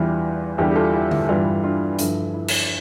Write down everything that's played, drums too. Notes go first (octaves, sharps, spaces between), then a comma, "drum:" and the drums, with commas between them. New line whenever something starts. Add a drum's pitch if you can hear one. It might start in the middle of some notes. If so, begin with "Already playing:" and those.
Already playing: E2 E3 G3 D4 F4
E2 D3 G3 E4 G4
G4
F4 A4
E4 G4
E4, drum: tom D3
G2 E3 G3 D4 F4
D4 F4
G2 D3 F3 E4, drum: hi-hat
E4
drum: cymbal